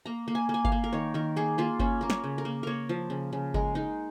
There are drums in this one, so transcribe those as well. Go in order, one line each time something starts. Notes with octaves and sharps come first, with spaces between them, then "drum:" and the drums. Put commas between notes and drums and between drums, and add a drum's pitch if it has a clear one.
A#3 A#5
A#3
G#5
A#3
G#5
F5, drum: kick G1
A#3
A#4
D#3 C#5
D#3 A#4
A#3 G#4
A#3 F4
A#3 C#4, drum: kick G1
A#3 A#4
C#5, drum: snare
C#3
A#4
A#3
A#3 A#4 C#5
F3
C#3
C#3
G#3 A#4, drum: kick G1
G#3 D#4